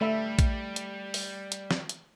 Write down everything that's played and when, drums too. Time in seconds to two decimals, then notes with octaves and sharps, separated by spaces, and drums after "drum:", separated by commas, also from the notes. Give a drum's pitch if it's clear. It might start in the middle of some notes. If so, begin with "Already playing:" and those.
0.01 G3 A3 E5 B5
0.39 drum: kick, hi-hat
0.76 drum: hi-hat
1.14 drum: open hi-hat
1.52 drum: hi-hat
1.71 drum: snare
1.89 drum: hi-hat